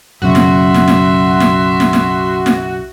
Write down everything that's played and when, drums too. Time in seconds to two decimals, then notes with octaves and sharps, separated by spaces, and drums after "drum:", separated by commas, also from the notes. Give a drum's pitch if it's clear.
0.22 B1 F#2 C#3 F#4 E5 C6
0.35 drum: snare
0.74 drum: snare
0.88 drum: snare
1.40 drum: snare
1.80 drum: snare
1.93 drum: snare
2.46 drum: snare